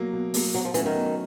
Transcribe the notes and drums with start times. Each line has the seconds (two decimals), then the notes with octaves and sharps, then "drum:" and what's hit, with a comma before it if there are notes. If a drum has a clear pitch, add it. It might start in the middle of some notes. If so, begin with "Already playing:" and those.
Already playing: B2 F#3 A#3
0.13 B2
0.34 F#3 A#3, drum: open hi-hat
0.54 B2 F#3
0.65 F3
0.74 E3 F#3 A3 C#4 F#4, drum: hi-hat
0.86 D#3
0.95 B2